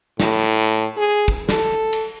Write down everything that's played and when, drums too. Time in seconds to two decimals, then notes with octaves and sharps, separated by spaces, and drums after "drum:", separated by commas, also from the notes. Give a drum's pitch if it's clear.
0.20 A2, drum: snare
0.97 G#4
1.28 drum: kick
1.49 A4, drum: snare
1.93 drum: cymbal